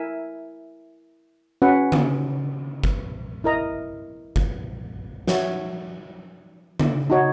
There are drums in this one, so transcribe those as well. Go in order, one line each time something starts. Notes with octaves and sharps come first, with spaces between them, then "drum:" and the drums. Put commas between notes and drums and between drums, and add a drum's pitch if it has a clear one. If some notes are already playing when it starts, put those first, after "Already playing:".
Already playing: E4 A#4 E5 G#5
C#4 F#4 B4 F#5
drum: tom C#3
drum: kick
E4 A#4 D#5 A#5
drum: kick
F#4 C#5 E5, drum: snare
drum: tom C#3
D#4 F#4 C#5